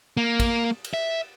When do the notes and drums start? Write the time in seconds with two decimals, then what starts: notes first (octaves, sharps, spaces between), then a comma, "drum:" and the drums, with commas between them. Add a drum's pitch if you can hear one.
0.17 A#3
0.40 drum: kick, cymbal
0.85 drum: cymbal
0.94 E5